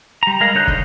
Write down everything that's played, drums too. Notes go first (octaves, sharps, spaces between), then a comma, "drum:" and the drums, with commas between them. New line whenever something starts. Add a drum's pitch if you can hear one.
G3 A#5
G#3 A#4 F5
D3 D#4 C#5 F#6 G6
drum: kick